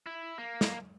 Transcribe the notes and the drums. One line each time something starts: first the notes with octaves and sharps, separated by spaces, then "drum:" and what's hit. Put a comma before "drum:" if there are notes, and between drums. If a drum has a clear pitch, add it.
E4
A#3
drum: snare